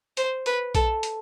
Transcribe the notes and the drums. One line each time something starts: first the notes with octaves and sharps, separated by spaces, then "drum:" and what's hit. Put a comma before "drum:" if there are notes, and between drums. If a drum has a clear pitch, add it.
C5, drum: hi-hat
B4, drum: hi-hat
A4, drum: kick A#1, hi-hat
drum: hi-hat